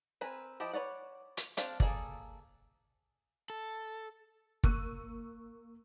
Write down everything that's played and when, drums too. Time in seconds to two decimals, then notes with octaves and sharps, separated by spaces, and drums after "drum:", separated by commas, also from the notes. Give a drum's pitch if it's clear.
0.21 C4 A#4 B4 G#5
0.60 F3 E4 G4 D#5 A5
0.73 B4 C#5 D5 F#5
1.37 drum: hi-hat
1.57 C4 D4 C5 F5, drum: hi-hat
1.80 A#3 G#4 A4 D5, drum: kick
3.50 A4
4.64 A#3 C#6 E6 F#6 D#7, drum: kick